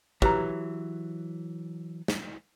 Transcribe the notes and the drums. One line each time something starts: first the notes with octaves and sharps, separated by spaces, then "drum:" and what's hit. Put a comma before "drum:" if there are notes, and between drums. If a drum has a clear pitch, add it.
E3 F#3 G4 A#5, drum: kick
drum: snare